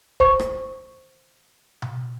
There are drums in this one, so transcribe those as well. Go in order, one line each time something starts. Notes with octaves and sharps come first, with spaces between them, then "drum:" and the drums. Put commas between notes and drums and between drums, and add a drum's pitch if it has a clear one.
C5 C#6, drum: kick D#1
drum: rim click
drum: tom B2